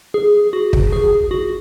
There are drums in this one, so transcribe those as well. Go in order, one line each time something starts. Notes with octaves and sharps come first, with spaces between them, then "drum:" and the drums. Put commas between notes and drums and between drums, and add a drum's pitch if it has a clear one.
G#4
F#4
drum: kick
G#4
F#4